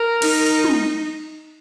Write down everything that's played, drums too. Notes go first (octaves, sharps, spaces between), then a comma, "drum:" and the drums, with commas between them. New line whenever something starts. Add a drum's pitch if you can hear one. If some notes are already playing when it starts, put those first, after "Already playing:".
Already playing: A#4
D#4, drum: cymbal
drum: open hi-hat
drum: tom